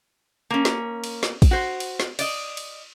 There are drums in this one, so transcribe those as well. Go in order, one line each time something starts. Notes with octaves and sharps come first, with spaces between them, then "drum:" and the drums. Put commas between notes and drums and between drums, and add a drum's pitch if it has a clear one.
A#3 C#4
drum: snare
drum: cymbal
drum: snare
drum: kick, cymbal
F#4 C5
drum: cymbal
drum: snare
D5 D#5, drum: cymbal
drum: cymbal